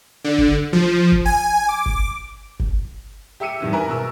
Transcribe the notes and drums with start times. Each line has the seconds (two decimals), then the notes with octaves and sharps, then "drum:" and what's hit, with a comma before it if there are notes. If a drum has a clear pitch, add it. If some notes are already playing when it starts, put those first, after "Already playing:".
0.24 D3
0.38 drum: kick F#1
0.73 F3
1.12 drum: kick F#1
1.25 G#5
1.68 D6
1.86 drum: kick F#1
2.60 drum: kick F#1
3.40 G4 E5 E6 C#7 D#7
3.60 G2 D#3 E3
3.73 A#4 B4 E5 G#5 A#5
3.89 B2 A#4 E6